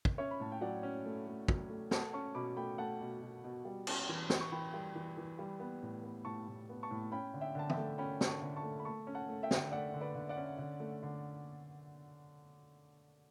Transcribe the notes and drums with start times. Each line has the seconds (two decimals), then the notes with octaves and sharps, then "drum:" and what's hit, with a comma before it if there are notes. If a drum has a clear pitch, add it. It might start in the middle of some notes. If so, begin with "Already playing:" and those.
0.05 drum: kick
0.18 C#4 C#5 E5
0.31 B5
0.40 A2 A5
0.52 G5
0.61 F#3 D5 F#5
0.83 C#4
1.05 A3
1.27 A3
1.48 F#3, drum: kick
1.70 A3
1.91 A3 F#5 A5, drum: snare
2.13 C#4 A5 C#6
2.35 B2 B5 D6
2.57 A3 G5 B5
2.78 A3 F#5 A5
3.01 B2
3.22 B2
3.44 B2
3.65 G3
3.87 C#4, drum: cymbal
4.09 E3
4.30 E3, drum: snare
4.41 C#6
4.52 E3 G5 B5
4.74 G3
4.95 E3
5.17 E3
5.39 G3
5.60 B3
5.82 A2
6.03 B3
6.25 A2 A5 C#6
6.48 A2
6.69 B3
6.83 A5 C#6
6.91 A2
7.12 C#4 G5 B5
7.34 D3
7.41 E5 G5
7.55 D3 A5
7.69 E5 G5, drum: tom
7.77 A3
7.98 C#4 G5 B5
8.21 D3, drum: snare
8.27 A5 C#6
8.42 D3
8.56 A5 C#6
8.63 A3
8.79 B5
8.85 A3 A5 C#6
9.07 C#4
9.15 F#5 A5
9.29 A3
9.43 E5 G5
9.51 D3, drum: snare
9.72 A3 D5 F#5
9.94 D3
10.01 B4 D5
10.15 D3
10.29 D5 F#5
10.37 C#4
10.58 D3
10.80 A3
11.03 D3